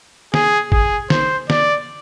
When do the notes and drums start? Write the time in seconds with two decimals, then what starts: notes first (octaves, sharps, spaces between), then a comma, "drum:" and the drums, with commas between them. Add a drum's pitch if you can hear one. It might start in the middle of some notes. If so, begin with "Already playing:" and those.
0.34 G#4, drum: snare
0.72 G#4, drum: kick
1.10 C5, drum: snare
1.50 D5, drum: snare